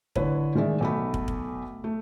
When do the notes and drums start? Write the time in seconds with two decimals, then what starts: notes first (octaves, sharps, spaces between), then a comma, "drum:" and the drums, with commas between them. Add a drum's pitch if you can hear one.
0.16 D3 E4 B4 C#5, drum: kick
0.55 D#3 G#3 D5 E5
0.80 B1 A3 B5
1.14 drum: kick
1.28 drum: kick
1.84 A3